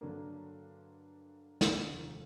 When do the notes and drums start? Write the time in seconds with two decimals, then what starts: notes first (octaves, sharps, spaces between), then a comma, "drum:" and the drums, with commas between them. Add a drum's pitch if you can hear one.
0.01 G2 D3 F#3 A#3 D4
1.61 F1 D#2 D3, drum: snare